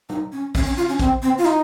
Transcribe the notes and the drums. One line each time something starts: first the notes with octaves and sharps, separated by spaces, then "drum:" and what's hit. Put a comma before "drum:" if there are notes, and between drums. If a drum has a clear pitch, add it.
D#4, drum: tom
C#4
C#4, drum: kick, open hi-hat
C#4
F4
C#4
C4, drum: kick, hi-hat
C4
F4
D#4, drum: hi-hat